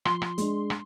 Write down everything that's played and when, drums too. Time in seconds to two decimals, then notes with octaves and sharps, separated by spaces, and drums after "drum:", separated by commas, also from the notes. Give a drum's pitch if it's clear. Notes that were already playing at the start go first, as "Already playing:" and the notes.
0.05 F3 C6, drum: rim click
0.22 drum: rim click
0.38 G#3 D4, drum: hi-hat
0.70 drum: rim click